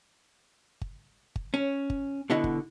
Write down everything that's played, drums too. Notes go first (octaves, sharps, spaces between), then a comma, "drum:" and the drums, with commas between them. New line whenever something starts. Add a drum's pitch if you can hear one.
drum: kick G1
drum: kick G1
C#4
drum: kick G1
B2 D3 E4 D#5 F#5
drum: kick G1